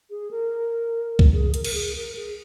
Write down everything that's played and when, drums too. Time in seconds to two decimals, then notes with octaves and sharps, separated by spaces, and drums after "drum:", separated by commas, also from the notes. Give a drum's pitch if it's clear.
0.10 G#4
0.31 A#4
1.19 drum: kick C2
1.33 G#4
1.54 A#4, drum: hi-hat
1.64 A#4, drum: cymbal
1.74 G#4
1.95 A#4
2.15 G#4